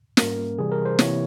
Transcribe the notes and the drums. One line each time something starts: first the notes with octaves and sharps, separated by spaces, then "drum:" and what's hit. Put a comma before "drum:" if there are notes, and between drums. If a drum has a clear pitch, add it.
G#2 G3 A#3 C#4 A#4, drum: snare
C3 E3 G3 G#4
A#4
C5
C3 E3 A#3 E4 C#5, drum: snare